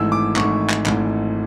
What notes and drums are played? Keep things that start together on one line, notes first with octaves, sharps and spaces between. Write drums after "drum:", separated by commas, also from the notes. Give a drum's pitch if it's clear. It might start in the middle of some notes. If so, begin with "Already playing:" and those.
Already playing: G#1 G#2 E3 A3 E6
D6
G#1 G#2 E3 A3 C#6, drum: clap
drum: clap
G#1 G#2 E3 A3, drum: clap